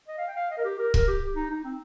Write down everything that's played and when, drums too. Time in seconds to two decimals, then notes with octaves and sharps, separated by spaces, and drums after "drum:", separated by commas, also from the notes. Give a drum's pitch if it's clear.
0.08 D#5
0.18 F5
0.28 G5
0.36 F5
0.50 D#5
0.58 A#4
0.65 G4
0.79 A#4
0.94 A#4, drum: kick
1.07 G4
1.36 D#4
1.50 D#4
1.64 C4